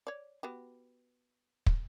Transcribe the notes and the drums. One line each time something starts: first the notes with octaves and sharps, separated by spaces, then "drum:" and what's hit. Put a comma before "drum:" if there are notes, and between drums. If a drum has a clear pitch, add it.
C#5 D5
B3 F#4 G4
drum: kick